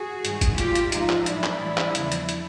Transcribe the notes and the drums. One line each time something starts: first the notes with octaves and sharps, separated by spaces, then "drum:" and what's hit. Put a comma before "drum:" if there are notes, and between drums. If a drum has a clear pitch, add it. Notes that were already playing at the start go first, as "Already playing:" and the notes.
Already playing: F#4 G#4
G#2 D#3 G3, drum: hi-hat
drum: kick, hi-hat
A#2 G3 F4 G4, drum: hi-hat
drum: hi-hat
G#2 F3 D#4 F4, drum: hi-hat
drum: clap
A2 F#3 D4 E4, drum: hi-hat
drum: clap
A2 E3 G3
drum: clap
E2 C#3 F3, drum: hi-hat
drum: hi-hat
drum: hi-hat